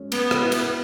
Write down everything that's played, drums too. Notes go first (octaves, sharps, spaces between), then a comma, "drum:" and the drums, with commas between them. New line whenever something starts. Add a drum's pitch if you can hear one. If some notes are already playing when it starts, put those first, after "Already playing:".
Already playing: F#3 G#3 C#4
B3, drum: cymbal
F#4, drum: rim click
E4
drum: cymbal